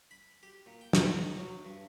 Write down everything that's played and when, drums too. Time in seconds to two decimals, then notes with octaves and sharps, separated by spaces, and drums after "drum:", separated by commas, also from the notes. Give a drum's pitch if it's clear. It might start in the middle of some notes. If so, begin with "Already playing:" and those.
0.11 B5
0.43 G4
0.66 A#2
0.81 G5
0.93 A#4, drum: snare
1.11 A#5
1.37 F#3
1.65 G2